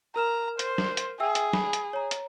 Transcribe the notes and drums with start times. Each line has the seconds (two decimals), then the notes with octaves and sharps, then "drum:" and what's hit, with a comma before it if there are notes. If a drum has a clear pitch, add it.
0.16 A#4 A#5 F6 E7
0.59 C5, drum: hi-hat
0.78 drum: snare
0.97 drum: hi-hat
1.20 G#4 E5 G5 E6
1.35 drum: hi-hat
1.53 B5, drum: snare
1.73 drum: hi-hat
1.93 C#5 A#5
2.11 drum: hi-hat